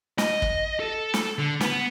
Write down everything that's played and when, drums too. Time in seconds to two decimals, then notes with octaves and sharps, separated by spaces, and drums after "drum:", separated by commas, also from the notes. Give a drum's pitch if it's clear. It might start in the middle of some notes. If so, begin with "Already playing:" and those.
0.18 D#5, drum: snare
0.42 drum: kick
0.80 A4
1.14 drum: snare
1.38 D3
1.61 B3, drum: snare